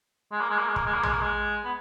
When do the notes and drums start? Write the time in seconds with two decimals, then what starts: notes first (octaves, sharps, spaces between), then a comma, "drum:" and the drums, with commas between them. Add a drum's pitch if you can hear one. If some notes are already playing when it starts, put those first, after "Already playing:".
0.32 G#3
0.41 A#3
0.50 G#3
0.59 A#3
0.68 G#3
0.76 A#3, drum: kick
0.86 G#3
0.94 A#3
1.03 G#3, drum: tom A#1
1.12 A#3
1.21 G#3
1.65 B3